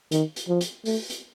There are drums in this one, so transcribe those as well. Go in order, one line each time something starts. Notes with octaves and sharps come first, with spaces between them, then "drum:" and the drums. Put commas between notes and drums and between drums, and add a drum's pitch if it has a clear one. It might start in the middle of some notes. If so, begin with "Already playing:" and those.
D#3, drum: hi-hat
drum: hi-hat
F3
drum: hi-hat
A3, drum: open hi-hat
drum: hi-hat